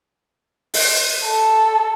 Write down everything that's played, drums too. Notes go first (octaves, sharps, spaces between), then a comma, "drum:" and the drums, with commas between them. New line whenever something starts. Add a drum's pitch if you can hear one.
drum: open hi-hat
A4